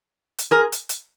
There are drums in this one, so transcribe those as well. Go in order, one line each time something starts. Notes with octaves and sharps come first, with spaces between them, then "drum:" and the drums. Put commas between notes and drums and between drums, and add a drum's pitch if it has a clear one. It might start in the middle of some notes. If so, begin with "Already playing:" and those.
drum: hi-hat
G#4 A#4
drum: hi-hat
drum: hi-hat